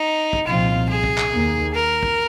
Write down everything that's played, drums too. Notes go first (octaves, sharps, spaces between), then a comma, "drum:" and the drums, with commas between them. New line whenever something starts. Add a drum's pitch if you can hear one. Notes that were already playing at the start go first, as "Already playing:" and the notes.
Already playing: D#4
drum: kick
C2 A#2 F3 C4 F4
G#4
drum: kick
drum: clap
D#2 D#3 A#3
A#4
drum: kick